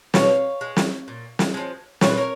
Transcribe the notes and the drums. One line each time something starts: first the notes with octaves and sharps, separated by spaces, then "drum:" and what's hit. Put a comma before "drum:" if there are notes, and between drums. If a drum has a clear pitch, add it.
B2 C#5 F5, drum: snare
G#3
drum: snare
A#2
drum: snare
F3 G#3
A#2 C#5, drum: snare
B4
A#4 C#5